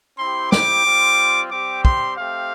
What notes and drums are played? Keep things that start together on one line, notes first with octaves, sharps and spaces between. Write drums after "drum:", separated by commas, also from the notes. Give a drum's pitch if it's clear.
C4 E4 G4 C6
D6, drum: snare
G3 C4 F4
G3 C4 G4 D6
C6, drum: kick
A3 C4 G4 F5